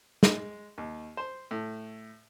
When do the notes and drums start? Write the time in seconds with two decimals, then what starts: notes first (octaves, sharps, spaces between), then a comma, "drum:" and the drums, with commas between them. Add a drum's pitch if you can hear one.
0.23 G#3, drum: snare
0.78 D#2
1.17 C5
1.51 A2